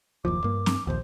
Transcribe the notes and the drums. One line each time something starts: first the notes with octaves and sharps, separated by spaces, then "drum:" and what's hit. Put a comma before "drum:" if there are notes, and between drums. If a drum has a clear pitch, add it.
F#1 D#2 F3 D6
G2 A#3
drum: snare C4
A#1 D#2 C5